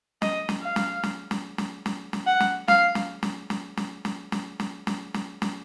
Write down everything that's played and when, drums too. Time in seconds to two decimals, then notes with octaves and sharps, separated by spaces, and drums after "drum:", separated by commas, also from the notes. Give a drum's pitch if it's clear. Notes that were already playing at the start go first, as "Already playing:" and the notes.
0.22 D#5, drum: snare
0.49 drum: snare
0.63 F5
0.76 drum: snare
1.03 drum: snare
1.31 drum: snare
1.58 drum: snare
1.86 drum: snare
2.13 drum: snare
2.27 F#5
2.40 drum: snare
2.68 F5, drum: snare
2.95 drum: snare
3.23 drum: snare
3.50 drum: snare
3.77 drum: snare
4.05 drum: snare
4.32 drum: snare
4.60 drum: snare
4.87 drum: snare
5.14 drum: snare
5.42 drum: snare